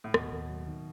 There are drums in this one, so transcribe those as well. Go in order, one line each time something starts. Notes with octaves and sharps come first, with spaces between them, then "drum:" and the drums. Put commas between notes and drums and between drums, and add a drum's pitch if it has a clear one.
A2
D#2 B2, drum: rim click
D#2
F#3
D#3